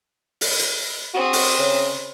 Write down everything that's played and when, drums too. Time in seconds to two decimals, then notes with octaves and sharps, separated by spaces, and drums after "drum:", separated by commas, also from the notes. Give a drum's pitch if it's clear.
0.41 drum: open hi-hat
0.59 drum: hi-hat
1.14 C4 F#4 G#4
1.33 drum: open hi-hat
1.59 C#3